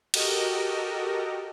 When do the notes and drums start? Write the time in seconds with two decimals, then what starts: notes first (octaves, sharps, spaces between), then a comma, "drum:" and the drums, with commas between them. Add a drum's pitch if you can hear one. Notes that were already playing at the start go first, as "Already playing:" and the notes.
0.14 F#4 G4 A4 A#4 D#5, drum: cymbal